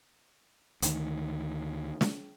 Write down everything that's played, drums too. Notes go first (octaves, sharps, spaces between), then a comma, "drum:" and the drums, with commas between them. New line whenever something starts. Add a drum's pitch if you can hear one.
D2 D#3, drum: hi-hat
drum: snare